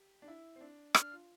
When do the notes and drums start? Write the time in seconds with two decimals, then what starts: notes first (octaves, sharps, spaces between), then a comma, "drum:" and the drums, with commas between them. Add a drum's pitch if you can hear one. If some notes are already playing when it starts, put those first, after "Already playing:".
Already playing: G4
0.22 D4
0.28 E4
0.56 C4
0.61 D4
0.95 D4 F6, drum: rim click
1.11 F4